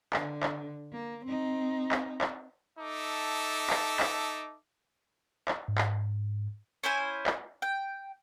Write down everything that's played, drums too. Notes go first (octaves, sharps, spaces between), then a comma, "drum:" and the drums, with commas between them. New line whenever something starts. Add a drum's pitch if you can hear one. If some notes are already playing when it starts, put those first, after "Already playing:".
D3, drum: clap
drum: clap
A#3
C4 D#4
drum: clap
drum: clap
D#4 A4 E5 A5 D6
drum: clap
drum: clap
drum: clap
G#2
drum: clap
C#4 E4 C5 G#5
drum: clap
G5